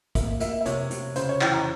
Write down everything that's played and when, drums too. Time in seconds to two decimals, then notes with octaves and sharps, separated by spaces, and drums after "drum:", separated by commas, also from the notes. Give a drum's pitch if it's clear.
0.15 A#3 E5, drum: kick, hi-hat
0.40 A#3 E5, drum: hi-hat
0.61 E5
0.65 C3 C#5, drum: hi-hat
0.91 C3, drum: hi-hat
1.16 C#3 C5, drum: hi-hat
1.29 C#5
1.41 E3 G5, drum: clap
1.54 A#5